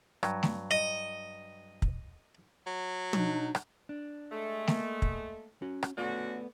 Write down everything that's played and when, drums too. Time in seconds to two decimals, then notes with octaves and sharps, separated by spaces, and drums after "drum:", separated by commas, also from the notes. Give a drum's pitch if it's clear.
0.23 G2 F#3, drum: rim click
0.43 drum: snare A3
0.71 D#5
1.82 drum: kick
2.67 F#3
3.13 B2 D4 D#4, drum: tom
3.55 drum: rim click
3.89 D4
4.32 G#3 A3
4.67 A#3, drum: snare A3
5.02 drum: kick
5.62 C#4 F#4
5.83 drum: rim click
5.98 D3 A3 B3 C#4 F#4 D5